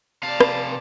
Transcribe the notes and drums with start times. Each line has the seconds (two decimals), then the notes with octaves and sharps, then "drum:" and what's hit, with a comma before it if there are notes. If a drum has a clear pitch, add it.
0.23 C3 D5 F5 A5
0.40 drum: rim click